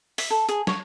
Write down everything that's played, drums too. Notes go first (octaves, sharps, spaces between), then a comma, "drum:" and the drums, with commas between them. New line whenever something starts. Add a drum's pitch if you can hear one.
E5, drum: open hi-hat
A4
G#4, drum: hi-hat
C#5, drum: snare